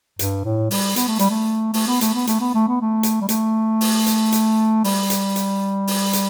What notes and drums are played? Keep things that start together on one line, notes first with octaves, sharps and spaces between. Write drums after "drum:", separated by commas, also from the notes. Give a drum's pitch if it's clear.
G2, drum: hi-hat
A2
G3, drum: open hi-hat
B3, drum: hi-hat
A3
G3, drum: hi-hat
A3
A3, drum: open hi-hat
B3
A3, drum: hi-hat
B3
A3, drum: hi-hat
B3
A3
B3
A3
drum: hi-hat
G3
A3, drum: hi-hat
drum: open hi-hat
drum: hi-hat
drum: hi-hat
G3, drum: open hi-hat
drum: hi-hat
drum: hi-hat
drum: open hi-hat
drum: hi-hat